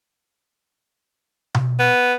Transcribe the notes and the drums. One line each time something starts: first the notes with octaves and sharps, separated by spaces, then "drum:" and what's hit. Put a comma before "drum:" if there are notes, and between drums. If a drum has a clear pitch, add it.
drum: tom B2
B3